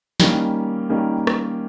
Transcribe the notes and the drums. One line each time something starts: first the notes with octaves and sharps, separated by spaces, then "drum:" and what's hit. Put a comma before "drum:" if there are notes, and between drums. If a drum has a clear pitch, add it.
D#3 G3 A#3 C#4, drum: snare
D#3 G3 A#3 C#4
drum: rim click